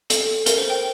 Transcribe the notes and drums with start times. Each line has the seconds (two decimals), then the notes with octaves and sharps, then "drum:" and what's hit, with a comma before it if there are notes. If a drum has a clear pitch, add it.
0.10 A4, drum: hi-hat
0.46 A#4, drum: hi-hat
0.58 C5
0.70 G5